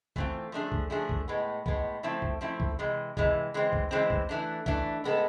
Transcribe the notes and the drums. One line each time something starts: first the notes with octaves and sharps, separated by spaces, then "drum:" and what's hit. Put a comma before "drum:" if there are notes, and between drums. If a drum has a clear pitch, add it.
E3 A3 C4 F4, drum: kick
F3 A3 D4 G#4
drum: kick
F3 A3 D4 G#4
drum: kick
A2 G#3 B3
A2 G#3 B3, drum: kick
F3 A3 C4 E4
drum: kick
F3 A3 C4 E4
drum: kick
C3 E3 G#3
C3 E3 G#3, drum: kick
E3 G#3 C4
drum: kick
E3 G#3 C4
drum: kick
E3 A3 D4
E3 A3 D4, drum: kick
A2 G#3 B3 D4 A4